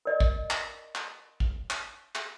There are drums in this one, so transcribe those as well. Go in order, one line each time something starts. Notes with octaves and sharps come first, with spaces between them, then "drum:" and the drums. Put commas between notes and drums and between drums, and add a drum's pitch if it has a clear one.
A#4 D5 D#5
drum: kick
drum: clap
drum: clap
drum: kick
drum: clap
drum: clap